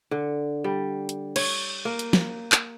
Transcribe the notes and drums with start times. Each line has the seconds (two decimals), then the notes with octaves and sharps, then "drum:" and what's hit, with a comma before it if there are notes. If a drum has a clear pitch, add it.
0.11 D3
0.64 G3
1.09 drum: hi-hat
1.36 C#5, drum: cymbal
1.85 A#3
1.99 drum: hi-hat
2.13 drum: snare
2.52 drum: clap